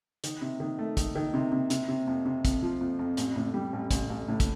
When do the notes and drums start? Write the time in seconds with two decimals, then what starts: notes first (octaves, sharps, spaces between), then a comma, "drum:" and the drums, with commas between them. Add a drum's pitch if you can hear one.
0.24 D#3, drum: hi-hat
0.42 C3
0.60 D#3
0.79 A3
0.97 D#3, drum: kick, hi-hat
1.15 D#3
1.34 C3
1.52 C3
1.70 C3, drum: hi-hat
1.89 C3
2.07 F2
2.25 C3
2.45 F2, drum: kick, hi-hat
2.63 F3
2.81 F2
2.99 F2
3.17 A1, drum: hi-hat
3.36 A2
3.54 G3
3.73 A1
3.91 A1, drum: kick, hi-hat
4.10 A1
4.28 A2
4.40 drum: kick, hi-hat